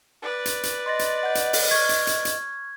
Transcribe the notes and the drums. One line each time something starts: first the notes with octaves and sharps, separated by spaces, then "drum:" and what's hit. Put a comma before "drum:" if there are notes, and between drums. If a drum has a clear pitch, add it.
B4 D5
drum: hi-hat
drum: hi-hat
D#5 C6 A6 A#6
drum: hi-hat
F#5 G6
drum: hi-hat
drum: open hi-hat
C#6 F6 G#6
drum: hi-hat
drum: hi-hat
drum: hi-hat